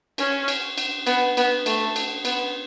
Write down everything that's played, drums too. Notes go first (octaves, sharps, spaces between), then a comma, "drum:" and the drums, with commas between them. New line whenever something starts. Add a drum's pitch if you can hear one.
C#4, drum: cymbal
drum: cymbal
drum: cymbal
B3, drum: cymbal
B3, drum: cymbal
A3, drum: cymbal
drum: cymbal
B3, drum: cymbal